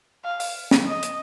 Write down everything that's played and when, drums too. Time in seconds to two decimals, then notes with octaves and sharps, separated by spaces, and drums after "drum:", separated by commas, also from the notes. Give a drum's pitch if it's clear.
0.25 F5
0.40 drum: open hi-hat
0.71 drum: snare
0.87 D#5
1.03 drum: hi-hat